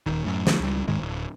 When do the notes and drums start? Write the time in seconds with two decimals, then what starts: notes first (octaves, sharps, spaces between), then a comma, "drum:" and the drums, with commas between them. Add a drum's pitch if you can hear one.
0.06 D#1 D#3
0.24 F#2 A2
0.47 D3 F3 A3, drum: snare
0.60 C#2 G3
0.88 D1 G#2 D#3 G#3
1.02 D1